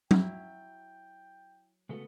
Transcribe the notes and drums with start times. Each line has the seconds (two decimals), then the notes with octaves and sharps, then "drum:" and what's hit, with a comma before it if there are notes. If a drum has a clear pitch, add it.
0.11 F#3 E4 G5, drum: tom F#3
1.89 C#3 G#3 A3 B3 F#4 A4